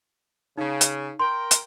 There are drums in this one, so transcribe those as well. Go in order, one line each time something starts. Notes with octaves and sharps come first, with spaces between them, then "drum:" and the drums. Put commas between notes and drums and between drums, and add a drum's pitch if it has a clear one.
C#3 D#4
drum: hi-hat
A#4 G5 C6
drum: hi-hat